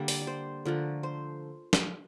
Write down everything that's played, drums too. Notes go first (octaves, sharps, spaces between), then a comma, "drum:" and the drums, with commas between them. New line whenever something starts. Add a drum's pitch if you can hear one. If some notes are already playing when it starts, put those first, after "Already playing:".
Already playing: D3 G3 A#3 A#4 E5
D5, drum: open hi-hat
D5
C5
D3 F3 A3 A#4
C5
drum: snare